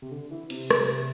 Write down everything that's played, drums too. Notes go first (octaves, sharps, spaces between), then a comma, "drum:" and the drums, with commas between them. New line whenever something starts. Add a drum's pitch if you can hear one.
C3
D3
E3
C3, drum: cymbal
drum: rim click